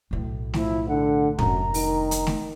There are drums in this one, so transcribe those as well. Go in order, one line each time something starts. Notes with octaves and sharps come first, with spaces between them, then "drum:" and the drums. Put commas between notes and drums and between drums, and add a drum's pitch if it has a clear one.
B1 A2
F3 E4, drum: snare A3
D3 F#5
F1 F#2 D4 A#5, drum: tom G#2
D#3, drum: open hi-hat
drum: hi-hat
drum: snare A3